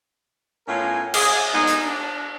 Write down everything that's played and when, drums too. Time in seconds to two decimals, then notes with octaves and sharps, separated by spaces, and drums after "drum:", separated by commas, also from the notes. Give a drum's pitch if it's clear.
0.67 A2 B3 C#4 F4 A#4 G#5
1.14 G#4, drum: cymbal
1.53 G#3 A#3 B3 D#4
1.67 drum: hi-hat
1.85 D4